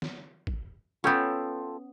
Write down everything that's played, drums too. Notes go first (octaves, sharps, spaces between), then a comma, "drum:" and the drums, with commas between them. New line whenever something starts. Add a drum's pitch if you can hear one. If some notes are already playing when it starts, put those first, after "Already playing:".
drum: snare
drum: kick
B3 C#4 F4 A4 G5